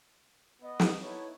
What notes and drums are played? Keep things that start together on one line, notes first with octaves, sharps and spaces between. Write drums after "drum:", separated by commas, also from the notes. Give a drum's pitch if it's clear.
B3 D#5
drum: snare
B3 D#4 E4 A4 C#5